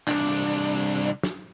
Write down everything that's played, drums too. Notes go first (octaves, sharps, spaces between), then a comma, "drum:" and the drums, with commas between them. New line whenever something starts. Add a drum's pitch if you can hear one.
C2 D4, drum: clap
drum: snare